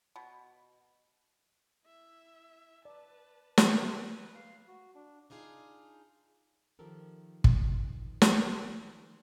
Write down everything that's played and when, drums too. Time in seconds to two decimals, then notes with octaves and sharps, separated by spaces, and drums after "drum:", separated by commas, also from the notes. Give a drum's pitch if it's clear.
0.16 B2
1.85 E4 E5
2.85 B4 D5 A5
3.58 drum: snare
3.70 A3
3.97 B4
4.35 F5
4.68 F#4
4.95 D4
5.30 D4 D#4 F4 G#4
6.79 D#3 F3 G4 A4 A#4
7.44 drum: kick
8.22 drum: snare